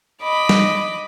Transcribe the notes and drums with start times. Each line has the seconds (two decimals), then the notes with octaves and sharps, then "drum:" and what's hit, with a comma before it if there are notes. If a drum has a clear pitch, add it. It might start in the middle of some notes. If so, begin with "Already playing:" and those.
0.22 D#5 B5 D6
0.49 drum: snare